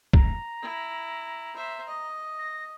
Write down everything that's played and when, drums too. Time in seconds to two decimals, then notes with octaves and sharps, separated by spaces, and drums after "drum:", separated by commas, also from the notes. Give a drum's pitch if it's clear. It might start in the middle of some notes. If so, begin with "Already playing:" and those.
0.14 A#5, drum: kick
0.62 E4
1.56 C5 E5
1.87 D#5
2.39 A#6